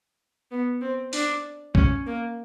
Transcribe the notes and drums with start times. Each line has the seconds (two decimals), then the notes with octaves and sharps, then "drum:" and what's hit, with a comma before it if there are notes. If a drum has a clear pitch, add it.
0.51 B3
0.82 C4
1.13 D4, drum: open hi-hat
1.75 C#4, drum: kick B1
2.07 A#3